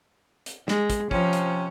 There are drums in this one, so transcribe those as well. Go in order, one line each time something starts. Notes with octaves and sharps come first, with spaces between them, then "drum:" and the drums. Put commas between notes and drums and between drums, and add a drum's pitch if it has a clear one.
drum: hi-hat
G#3, drum: snare
drum: kick, hi-hat
C3 F3 C#4, drum: kick
drum: hi-hat